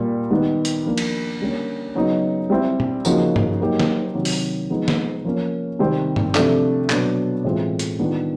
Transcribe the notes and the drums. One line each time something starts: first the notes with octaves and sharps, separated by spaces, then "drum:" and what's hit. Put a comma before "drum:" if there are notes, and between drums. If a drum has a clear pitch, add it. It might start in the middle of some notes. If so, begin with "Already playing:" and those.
Already playing: A#2 G3 A#3
D#3 G3 B3 D#4
drum: hi-hat
F3 A#3 D4
drum: cymbal
D3 G3 A#3 C#4
C#3 F#3 B3 D#4
G3 C4 E4
drum: tom A#2
C#3 F3 A#3 D#4 F#4, drum: tambourine
drum: tom G2
F#3 A#3 D#4 G4
drum: snare
C3 D#3 F#3
drum: open hi-hat
F3 G#3 B3 D#4
drum: snare
F3 A#3 C#4
C3 D#3 G3 C4
drum: tom G2
C3 F3 A3 D4, drum: clap
B2 F#3 B3 D4 F#4, drum: clap
A2 E3 G#3 C4 F4
drum: hi-hat
D#3 G3 B3 D4 F4